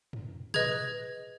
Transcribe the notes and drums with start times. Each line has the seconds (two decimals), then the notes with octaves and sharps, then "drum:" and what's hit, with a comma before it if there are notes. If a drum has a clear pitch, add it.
0.13 drum: tom
0.54 G#4 B4 D#5 G#6, drum: tom